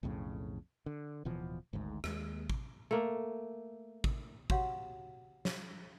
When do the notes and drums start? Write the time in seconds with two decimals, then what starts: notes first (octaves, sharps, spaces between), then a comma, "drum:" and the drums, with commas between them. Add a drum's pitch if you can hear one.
0.03 B1 F2 A2 C#3
0.86 D3
1.25 D1 B2 E3 F3
1.73 G#1 D2 G#2
2.04 D#2 G#3, drum: rim click
2.50 drum: kick
2.91 A3 A#3
4.04 drum: kick
4.50 F#4 G4 C#5 F5 F#5, drum: kick
5.45 drum: snare